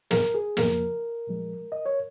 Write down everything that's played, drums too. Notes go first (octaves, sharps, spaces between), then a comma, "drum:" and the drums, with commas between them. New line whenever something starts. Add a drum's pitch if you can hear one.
A#4, drum: snare
G#4
F2 C#3 F3 A#3 A#4, drum: snare
A#2 F3 G#3
D#5
C#5